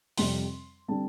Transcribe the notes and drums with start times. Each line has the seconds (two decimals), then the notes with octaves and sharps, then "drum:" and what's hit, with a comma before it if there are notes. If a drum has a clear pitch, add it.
0.17 F2 C3 G3 C6, drum: open hi-hat
0.88 D3 G3 C4 A5